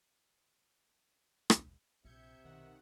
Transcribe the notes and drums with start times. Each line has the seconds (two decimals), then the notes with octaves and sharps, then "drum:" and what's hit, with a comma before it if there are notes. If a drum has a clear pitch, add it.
1.50 drum: rim click
2.05 A#1 C3 E5 G6 G#6 C#7
2.44 B1 D#3 F#5